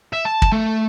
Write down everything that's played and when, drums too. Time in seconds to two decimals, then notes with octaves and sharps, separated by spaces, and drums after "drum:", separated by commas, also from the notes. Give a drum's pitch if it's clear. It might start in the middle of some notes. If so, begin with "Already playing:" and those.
0.13 E5
0.25 A5
0.42 drum: kick
0.52 A3